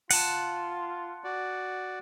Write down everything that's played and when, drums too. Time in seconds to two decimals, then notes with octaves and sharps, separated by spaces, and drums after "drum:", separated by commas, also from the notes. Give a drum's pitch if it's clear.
0.11 F4 F#5 A5, drum: open hi-hat
1.24 F#4 D5